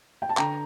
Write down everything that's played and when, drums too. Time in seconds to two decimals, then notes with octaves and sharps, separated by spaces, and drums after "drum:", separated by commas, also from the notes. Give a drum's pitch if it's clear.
0.22 G5
0.29 A5
0.37 D3 G5 A#5, drum: clap